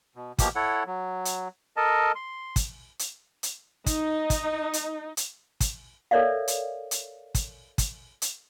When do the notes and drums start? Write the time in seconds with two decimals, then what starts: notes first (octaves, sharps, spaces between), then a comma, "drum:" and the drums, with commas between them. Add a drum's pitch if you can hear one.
0.16 B2
0.39 B2 F3 A#3 G4, drum: kick, hi-hat
0.56 E4 A4 C#5 F#5
0.86 F#3
1.25 drum: hi-hat
1.77 A4 A#4 D#5 A5
2.15 C6
2.56 drum: kick, hi-hat
2.99 drum: hi-hat
3.43 drum: hi-hat
3.86 D#4, drum: kick, hi-hat
4.30 drum: kick, hi-hat
4.73 drum: hi-hat
5.17 drum: hi-hat
5.61 drum: kick, hi-hat
6.11 A4 A#4 C#5 D5 E5 F5
6.48 drum: hi-hat
6.91 drum: hi-hat
7.35 drum: kick, hi-hat
7.78 drum: kick, hi-hat
8.22 drum: hi-hat